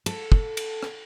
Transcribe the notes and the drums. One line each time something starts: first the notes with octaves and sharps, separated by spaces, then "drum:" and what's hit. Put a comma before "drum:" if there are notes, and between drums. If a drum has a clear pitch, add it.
A4, drum: cymbal
drum: kick
drum: cymbal
drum: rim click